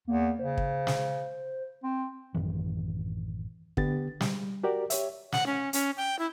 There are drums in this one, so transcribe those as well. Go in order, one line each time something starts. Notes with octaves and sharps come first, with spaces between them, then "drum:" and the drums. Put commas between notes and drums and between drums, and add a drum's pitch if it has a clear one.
E2 A#3
C#3 C5
drum: kick
drum: snare
C4
A1 F#2 D#3 E3
D3 B3 G4 A6, drum: kick
G3, drum: snare
F#4 G4 A#4 D5
G4 C#5 E5, drum: hi-hat
F#5, drum: snare
C#4
C#4, drum: hi-hat
G5
E4